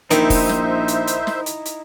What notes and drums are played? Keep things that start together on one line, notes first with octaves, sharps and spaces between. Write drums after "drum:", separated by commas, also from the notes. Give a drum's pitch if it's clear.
A#1 D#3 D#4 E4 C5 E5, drum: hi-hat
drum: kick, open hi-hat
drum: snare
drum: hi-hat
drum: hi-hat
drum: snare
drum: hi-hat
drum: hi-hat